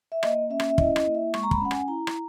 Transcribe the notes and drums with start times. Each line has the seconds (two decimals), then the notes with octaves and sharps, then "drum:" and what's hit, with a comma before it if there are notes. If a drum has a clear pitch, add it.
0.12 E5
0.23 A#3 D#5, drum: rim click
0.50 C#4 E5
0.60 drum: rim click
0.70 E5
0.78 E4 D#5, drum: kick
0.96 D#5, drum: rim click
1.06 A#3
1.15 E5
1.34 G#3 C#6, drum: rim click
1.43 A#5
1.51 B5, drum: kick
1.61 C#4 F#5
1.71 G#5, drum: rim click
1.88 E4 A#5
2.07 drum: rim click